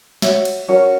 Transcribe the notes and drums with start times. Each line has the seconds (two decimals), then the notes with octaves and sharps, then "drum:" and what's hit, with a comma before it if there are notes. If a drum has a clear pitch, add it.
0.22 F#4 C#5 E5, drum: snare
0.45 drum: cymbal
0.68 C#4 F#4 A#4 C#5